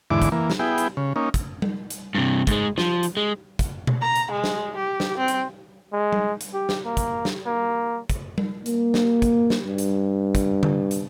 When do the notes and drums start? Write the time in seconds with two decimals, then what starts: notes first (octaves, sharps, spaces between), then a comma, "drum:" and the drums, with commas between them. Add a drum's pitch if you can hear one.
0.11 E2 G#2 D3 E4 D6
0.22 drum: kick, hi-hat
0.32 E3 A#3
0.50 drum: snare
0.59 B3 E4 G#4 G5
0.78 drum: hi-hat
0.97 C#3
1.16 A#3 C#4 D#4
1.34 drum: kick, hi-hat
1.62 drum: tom G3
1.90 drum: hi-hat
2.15 G2 C3
2.47 G#2 G#3, drum: kick, hi-hat
2.78 F3, drum: snare
3.03 drum: hi-hat
3.17 G#3
3.59 drum: kick, hi-hat
3.87 drum: tom B2
4.01 A#5
4.16 drum: hi-hat
4.31 G#3
4.44 drum: snare
4.76 G4
5.00 drum: snare
5.18 C4
5.28 drum: hi-hat
5.93 G#3
6.13 drum: tom G3
6.41 drum: hi-hat
6.53 G4
6.69 drum: snare
6.85 A#3
6.97 drum: kick, hi-hat
7.25 drum: snare
7.46 A#3
8.10 drum: kick, hi-hat
8.38 drum: tom G3
8.66 A#3, drum: hi-hat
8.94 drum: snare
9.22 drum: kick, hi-hat
9.50 drum: snare
9.66 G2
9.78 drum: hi-hat
10.35 drum: kick, hi-hat
10.63 drum: tom D3
10.91 drum: hi-hat